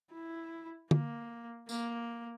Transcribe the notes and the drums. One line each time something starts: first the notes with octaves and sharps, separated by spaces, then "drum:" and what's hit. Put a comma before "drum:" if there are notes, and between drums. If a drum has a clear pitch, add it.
E4
A#3, drum: tom
A#3, drum: tambourine